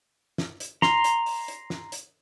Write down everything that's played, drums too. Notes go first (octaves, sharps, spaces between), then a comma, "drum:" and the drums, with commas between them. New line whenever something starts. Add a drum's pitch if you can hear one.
drum: snare
drum: hi-hat
A#5 C6, drum: snare
drum: hi-hat
drum: open hi-hat
drum: hi-hat
drum: snare
drum: hi-hat